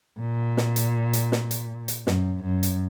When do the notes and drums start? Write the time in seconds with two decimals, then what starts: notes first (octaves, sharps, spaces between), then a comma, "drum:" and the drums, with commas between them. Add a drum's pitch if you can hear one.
0.20 A#2
0.57 drum: snare
0.76 drum: hi-hat
1.13 drum: hi-hat
1.32 drum: snare
1.51 drum: hi-hat
1.88 drum: hi-hat
2.07 F#2, drum: snare
2.44 F#2
2.63 drum: hi-hat